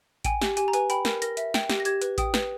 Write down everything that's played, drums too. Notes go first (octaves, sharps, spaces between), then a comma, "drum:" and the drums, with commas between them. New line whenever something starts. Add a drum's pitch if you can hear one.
G5 G#5, drum: kick A1, hi-hat
G4, drum: snare
G4 G#5, drum: hi-hat
A#5
B4 G#5, drum: hi-hat
G5 B5, drum: hi-hat
A#4, drum: snare
A#4 A#6, drum: hi-hat
E5, drum: hi-hat
G5, drum: snare
G4, drum: snare
A#6
G4 G#6, drum: hi-hat
B4, drum: hi-hat
G5 D#6, drum: kick A1, hi-hat
B4, drum: snare